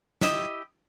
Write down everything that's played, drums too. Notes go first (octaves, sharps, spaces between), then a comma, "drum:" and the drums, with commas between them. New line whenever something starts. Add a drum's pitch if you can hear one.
E4 G4 D#5 E6, drum: snare